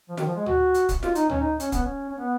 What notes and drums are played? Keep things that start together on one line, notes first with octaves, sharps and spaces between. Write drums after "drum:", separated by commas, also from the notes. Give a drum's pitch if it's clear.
F3
D#3, drum: snare
F3
G#3
F#4, drum: tom D2
drum: hi-hat
drum: kick C#1, hi-hat
F4, drum: snare
D#4, drum: hi-hat
C#4, drum: tom D2
D#4
C#4, drum: hi-hat
B3, drum: kick C#1, hi-hat
C#4
C#4
B3